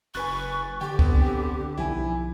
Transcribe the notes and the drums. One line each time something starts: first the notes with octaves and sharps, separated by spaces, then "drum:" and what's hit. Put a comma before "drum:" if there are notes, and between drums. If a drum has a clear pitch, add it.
F#1 B4 G#5 C#6 F#6 A6
D3 G4 G5
B3 C4, drum: kick C#2
G5
B1 F3 E4 G#5